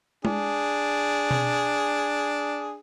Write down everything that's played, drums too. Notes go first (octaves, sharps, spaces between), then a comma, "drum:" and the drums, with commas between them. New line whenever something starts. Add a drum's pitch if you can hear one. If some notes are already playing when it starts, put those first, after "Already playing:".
D4 G#4, drum: tom G#3
drum: tom B2